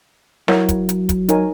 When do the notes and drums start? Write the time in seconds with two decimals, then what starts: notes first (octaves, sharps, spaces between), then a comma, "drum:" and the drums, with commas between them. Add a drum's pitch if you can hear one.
0.48 F#3 E4 A#4 C#5 F#5, drum: snare
0.69 drum: kick, hi-hat
0.89 drum: hi-hat
1.09 drum: kick, hi-hat
1.29 D#4 A#4 C#5 G#5, drum: hi-hat